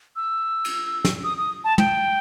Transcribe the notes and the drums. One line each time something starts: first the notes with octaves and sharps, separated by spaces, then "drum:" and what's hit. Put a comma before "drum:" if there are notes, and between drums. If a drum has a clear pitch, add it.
E6
drum: cymbal
drum: snare
D#6
D#6
A5
G5, drum: tom